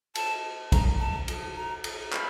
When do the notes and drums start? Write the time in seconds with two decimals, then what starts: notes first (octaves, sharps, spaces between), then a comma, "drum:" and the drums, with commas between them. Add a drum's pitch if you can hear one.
0.15 A5, drum: cymbal
0.72 A#5, drum: kick, cymbal
0.99 A5
1.28 drum: cymbal
1.56 A#5
1.84 drum: cymbal
2.13 B5, drum: clap